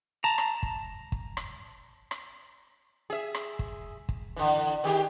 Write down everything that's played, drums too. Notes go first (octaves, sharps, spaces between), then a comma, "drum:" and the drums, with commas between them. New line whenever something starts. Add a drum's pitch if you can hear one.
A5 A#5
drum: rim click
drum: kick
drum: kick
drum: rim click
drum: rim click
G#4 E5
drum: rim click
drum: kick
drum: kick
D3 E3
D#3 G4 G#4